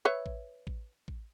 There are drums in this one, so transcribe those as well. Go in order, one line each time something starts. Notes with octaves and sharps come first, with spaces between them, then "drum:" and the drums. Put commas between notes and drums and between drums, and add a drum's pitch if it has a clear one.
B4 C#5 E5
drum: kick A1
drum: kick A1
drum: kick A1